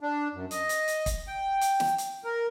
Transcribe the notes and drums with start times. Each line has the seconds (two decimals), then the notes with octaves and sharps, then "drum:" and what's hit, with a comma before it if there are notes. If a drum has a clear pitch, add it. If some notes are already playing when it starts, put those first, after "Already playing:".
0.01 D4
0.34 F#2
0.51 D#5, drum: hi-hat
0.69 drum: hi-hat
0.88 drum: hi-hat
1.06 drum: kick, hi-hat
1.28 G5
1.61 drum: hi-hat
1.80 drum: snare
1.98 drum: hi-hat
2.24 A#4